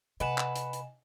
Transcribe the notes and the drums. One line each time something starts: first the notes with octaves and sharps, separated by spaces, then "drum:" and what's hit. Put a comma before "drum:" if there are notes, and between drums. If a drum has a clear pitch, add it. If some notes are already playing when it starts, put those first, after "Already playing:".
C3 B4 D#5 F#5 G#5 E7
drum: clap
drum: hi-hat
drum: hi-hat